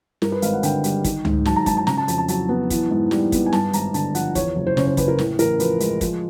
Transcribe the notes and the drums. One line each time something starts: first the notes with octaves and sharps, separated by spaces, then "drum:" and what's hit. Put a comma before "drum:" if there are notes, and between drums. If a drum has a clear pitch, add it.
G2 A#4, drum: snare
B4
G#1 F5, drum: hi-hat
F#5
D3 G5, drum: hi-hat
G3, drum: hi-hat
D#3, drum: kick, hi-hat
G#2, drum: tom C#2
F#3 A5, drum: snare
A#5
G#2 A5, drum: kick, hi-hat
A5
C#3 A#5, drum: snare
A5
F2 A5, drum: hi-hat
A5
F#3 A5, drum: hi-hat
B3
E3, drum: kick, hi-hat
G#2
G3, drum: snare
B3, drum: kick, hi-hat
G#5
G2 A5, drum: snare
G#1 A#5, drum: hi-hat
D3 A5, drum: hi-hat
F3 F#5, drum: hi-hat
E2 C#5, drum: kick, hi-hat
F#1
C5
C#3 C#5, drum: snare
C5
F#1 B4, drum: kick, hi-hat
A#4
A2, drum: snare
A1 A#4, drum: hi-hat
F3 B4, drum: hi-hat
G#3, drum: hi-hat
F3, drum: kick, hi-hat